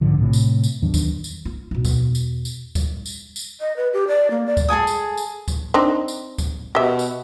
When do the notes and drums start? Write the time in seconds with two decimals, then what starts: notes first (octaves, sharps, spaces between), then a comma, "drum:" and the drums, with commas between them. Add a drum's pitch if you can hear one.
0.01 B1 G#2 D3 F3
0.18 A2 C3
0.33 drum: tambourine
0.64 drum: tambourine
0.82 E2 D#3 F#3 D4
0.94 drum: kick D2, tambourine
1.24 drum: tambourine
1.45 F4
1.71 E2 B2
1.85 drum: kick D2, tambourine
2.15 drum: tambourine
2.45 drum: tambourine
2.75 drum: kick D2, tambourine
3.06 drum: tambourine
3.36 drum: tambourine
3.60 D#5
3.76 B4
3.93 G4
4.08 D5
4.31 A#3
4.46 D5
4.57 drum: kick D2, tambourine
4.68 G#4 A4 G#5 D#6
4.87 drum: tambourine
5.17 drum: tambourine
5.48 drum: kick D2, tambourine
5.74 C4 D4 D#4
6.08 drum: tambourine
6.38 drum: kick D2, tambourine
6.75 B2 G4 E5
6.99 drum: tambourine